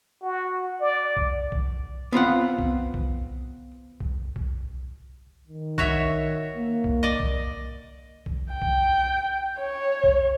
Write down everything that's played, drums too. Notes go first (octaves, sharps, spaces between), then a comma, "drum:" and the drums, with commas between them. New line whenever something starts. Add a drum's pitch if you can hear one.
F#4
D5
drum: kick B1
drum: kick B1
B3 C4 F4 F#5
drum: kick B1
drum: kick B1
drum: kick B1
drum: kick B1
D#3
F#4 C#5 E5, drum: kick B1
A#3
drum: kick B1
D5 D#5
drum: kick B1
drum: kick B1
G5
drum: kick B1
C#5
drum: kick B1